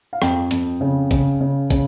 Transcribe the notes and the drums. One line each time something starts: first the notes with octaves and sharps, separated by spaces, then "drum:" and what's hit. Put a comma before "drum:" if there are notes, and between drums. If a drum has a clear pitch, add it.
F5
F2 G5, drum: rim click
F2, drum: hi-hat
C#3
C#3, drum: kick, hi-hat
C#3
C#3, drum: kick, hi-hat